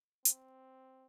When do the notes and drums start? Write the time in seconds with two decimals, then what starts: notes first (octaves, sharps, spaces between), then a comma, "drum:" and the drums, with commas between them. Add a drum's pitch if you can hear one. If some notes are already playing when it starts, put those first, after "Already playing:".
0.25 C4, drum: hi-hat